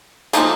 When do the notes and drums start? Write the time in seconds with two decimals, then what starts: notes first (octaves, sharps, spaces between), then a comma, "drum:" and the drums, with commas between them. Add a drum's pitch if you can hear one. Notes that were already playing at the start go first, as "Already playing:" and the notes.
0.33 F3 A#3 D#4 A4, drum: hi-hat